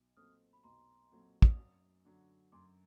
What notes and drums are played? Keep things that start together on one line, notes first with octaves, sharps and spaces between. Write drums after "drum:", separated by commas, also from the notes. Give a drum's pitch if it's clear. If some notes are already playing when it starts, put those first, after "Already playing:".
Already playing: B1
A#2 F#3 A3 C4 D#6 F6
B5
B1 A#5 C6
A#2 F#3 A3 C4
drum: kick
F#2
D3 F#3
F#2 C6 D6